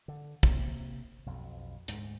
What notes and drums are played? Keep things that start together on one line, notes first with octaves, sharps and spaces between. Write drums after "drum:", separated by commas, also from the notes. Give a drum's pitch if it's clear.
D3
C3 A#3, drum: kick
B1 F2
D2 G#2, drum: hi-hat